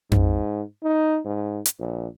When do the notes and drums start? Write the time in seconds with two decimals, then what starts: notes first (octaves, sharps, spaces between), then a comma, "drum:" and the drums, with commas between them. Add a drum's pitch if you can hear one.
0.12 G#2, drum: tom F2
0.84 D#4
1.25 G#2
1.66 drum: hi-hat
1.79 A#1